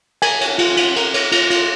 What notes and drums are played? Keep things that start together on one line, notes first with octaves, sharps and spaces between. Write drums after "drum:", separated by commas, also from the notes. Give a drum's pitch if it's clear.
A#4 G#5, drum: cymbal
C#5, drum: cymbal
F4, drum: cymbal
F4, drum: cymbal
A#4, drum: cymbal
C#5, drum: cymbal
F4, drum: cymbal
F4, drum: cymbal